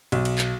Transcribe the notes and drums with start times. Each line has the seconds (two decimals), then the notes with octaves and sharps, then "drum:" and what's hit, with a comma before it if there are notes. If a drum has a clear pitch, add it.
0.12 B1, drum: cymbal
0.25 drum: cymbal
0.38 drum: clap